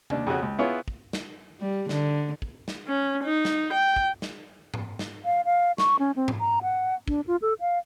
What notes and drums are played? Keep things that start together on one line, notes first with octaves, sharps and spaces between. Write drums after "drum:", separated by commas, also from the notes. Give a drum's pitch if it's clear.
D#2 D4, drum: tom C3
F2 C#3 C#4 F#4
C#2
B3 E4 F4 G#4 B4 C#5
drum: kick
drum: snare
G3
D3, drum: snare
drum: kick
drum: snare
C#4
D#4
drum: snare
G5
drum: kick
drum: snare
drum: tom G#2
drum: snare
F5
F5
C#6, drum: snare
C#4
C4
drum: tom G#2
A#5
F#5
D4, drum: kick
F4
A4
F5